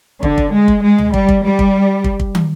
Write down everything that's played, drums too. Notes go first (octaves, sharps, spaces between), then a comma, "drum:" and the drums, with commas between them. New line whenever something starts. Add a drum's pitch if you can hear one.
D3, drum: kick
drum: kick
G#3
drum: kick
G#3
drum: tom D2
G3, drum: kick
drum: kick
G3
drum: kick
drum: kick
drum: kick
drum: tom